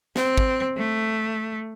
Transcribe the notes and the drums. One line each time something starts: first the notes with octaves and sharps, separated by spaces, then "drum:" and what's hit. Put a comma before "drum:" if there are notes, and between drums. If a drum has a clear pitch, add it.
C4, drum: snare
drum: kick
A3